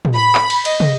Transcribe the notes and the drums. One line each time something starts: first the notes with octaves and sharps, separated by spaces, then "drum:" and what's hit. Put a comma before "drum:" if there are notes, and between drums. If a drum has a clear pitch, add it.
drum: tom
B5
drum: clap
drum: cymbal
D#5, drum: cymbal
drum: tom